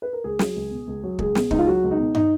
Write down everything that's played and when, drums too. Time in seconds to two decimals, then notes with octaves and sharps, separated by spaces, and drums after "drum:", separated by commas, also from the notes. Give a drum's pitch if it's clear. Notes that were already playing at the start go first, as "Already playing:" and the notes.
0.02 B4
0.13 A#4
0.24 C#2 G#4
0.39 F#3, drum: snare
0.56 C#2
0.71 B2
0.87 C#2
1.03 F#3
1.19 C#2 G#4, drum: kick
1.35 B2, drum: snare
1.51 C#2 D#4, drum: kick
1.59 F4
1.67 F#3 F#4
1.83 C#2
1.91 D#4
1.98 B2
2.15 D#4, drum: tom